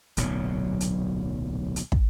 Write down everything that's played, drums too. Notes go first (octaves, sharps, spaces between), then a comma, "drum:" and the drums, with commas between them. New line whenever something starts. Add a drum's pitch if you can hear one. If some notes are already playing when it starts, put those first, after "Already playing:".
D1 B1 A#2 F#3, drum: hi-hat
drum: hi-hat
drum: hi-hat
drum: kick